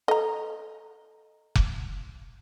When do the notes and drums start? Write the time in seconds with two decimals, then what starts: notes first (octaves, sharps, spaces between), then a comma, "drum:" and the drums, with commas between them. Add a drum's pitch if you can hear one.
0.08 A4 D#5 A#5
1.55 drum: kick F1